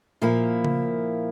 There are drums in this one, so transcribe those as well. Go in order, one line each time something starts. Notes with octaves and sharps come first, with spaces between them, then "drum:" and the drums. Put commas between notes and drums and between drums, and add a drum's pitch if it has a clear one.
A#2 F3 A#3 E4
drum: tom C#3